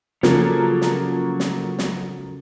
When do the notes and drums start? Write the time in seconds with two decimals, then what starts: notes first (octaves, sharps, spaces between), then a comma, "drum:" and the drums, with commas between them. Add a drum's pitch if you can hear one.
0.23 C#3 F3 F#3 A#3 C#4 A4, drum: snare
0.81 drum: snare
1.40 drum: snare
1.79 drum: snare